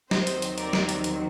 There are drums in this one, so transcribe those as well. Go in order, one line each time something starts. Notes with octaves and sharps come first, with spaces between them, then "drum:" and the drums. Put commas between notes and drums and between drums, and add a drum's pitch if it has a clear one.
D#2 D#3 F#3 C4 C5 D#5, drum: snare
drum: hi-hat
drum: hi-hat
A#4 D5, drum: hi-hat
drum: snare
drum: hi-hat
drum: hi-hat